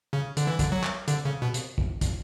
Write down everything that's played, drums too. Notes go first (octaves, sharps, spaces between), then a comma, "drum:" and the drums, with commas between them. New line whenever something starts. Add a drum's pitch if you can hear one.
C#3
D3, drum: hi-hat
E3
D3, drum: kick, hi-hat
F#3
drum: clap
D3, drum: hi-hat
C#3
B2
drum: hi-hat
drum: kick
drum: kick, hi-hat